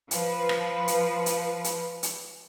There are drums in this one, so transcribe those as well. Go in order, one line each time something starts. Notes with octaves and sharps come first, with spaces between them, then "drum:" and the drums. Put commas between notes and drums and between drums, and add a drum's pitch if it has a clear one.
F3 B4, drum: hi-hat
drum: rim click
drum: hi-hat
drum: hi-hat
drum: hi-hat
drum: hi-hat